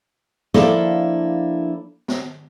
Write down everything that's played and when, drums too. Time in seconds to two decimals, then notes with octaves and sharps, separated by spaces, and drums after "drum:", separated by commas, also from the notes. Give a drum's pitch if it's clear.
0.54 F3 A#3 D4 E4 A4 D5, drum: snare
2.08 drum: snare